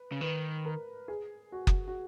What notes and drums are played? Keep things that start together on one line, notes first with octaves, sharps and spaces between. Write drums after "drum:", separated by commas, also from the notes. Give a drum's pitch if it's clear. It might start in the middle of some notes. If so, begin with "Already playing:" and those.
Already playing: B4
C#3
D#3 B4
A#4
G#4
F#4
drum: kick F#1
F#4